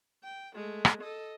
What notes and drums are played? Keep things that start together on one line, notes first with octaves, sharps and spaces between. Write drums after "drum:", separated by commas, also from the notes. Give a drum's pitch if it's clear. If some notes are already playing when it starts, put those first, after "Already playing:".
G5
G#3 A3
drum: rim click
A4 D#5